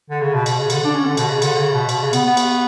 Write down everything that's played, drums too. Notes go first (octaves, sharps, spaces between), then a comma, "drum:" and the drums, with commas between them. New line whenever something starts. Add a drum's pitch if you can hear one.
D3
C#3
B2
B2, drum: cymbal
C#3
D3, drum: cymbal
D4
C#4
D3
B2, drum: cymbal
C#3
D3, drum: cymbal
C#3
B2
B2, drum: cymbal
C#3
B3, drum: cymbal
B3
drum: cymbal